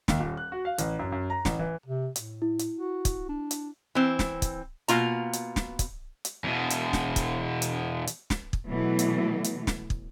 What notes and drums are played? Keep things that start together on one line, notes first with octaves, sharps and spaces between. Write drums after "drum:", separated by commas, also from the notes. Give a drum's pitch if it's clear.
D#2, drum: snare
D#1
F#6
F#4
F5
A1, drum: hi-hat
F#2
F#2
A#5
A1, drum: snare
E3
C3
A2, drum: hi-hat
E4
drum: hi-hat
F#4
drum: kick, hi-hat
D4
drum: hi-hat
E3 C4
drum: snare
drum: kick, hi-hat
B2 A#3 F4 A#5, drum: hi-hat
drum: hi-hat
drum: snare
drum: kick, hi-hat
drum: hi-hat
E2 B2
drum: hi-hat
drum: snare
drum: kick, hi-hat
drum: hi-hat
drum: hi-hat
drum: snare
drum: kick
B2 E3 F#3 A3
drum: hi-hat
drum: hi-hat
drum: snare
drum: kick